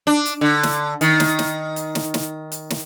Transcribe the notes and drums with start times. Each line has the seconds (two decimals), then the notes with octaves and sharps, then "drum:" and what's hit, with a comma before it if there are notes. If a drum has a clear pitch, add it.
0.07 D4
0.26 drum: hi-hat
0.41 D3
0.63 drum: snare
1.01 D#3, drum: hi-hat
1.20 drum: snare
1.39 drum: snare
1.76 drum: hi-hat
1.95 drum: snare
2.14 drum: snare
2.52 drum: hi-hat
2.70 drum: snare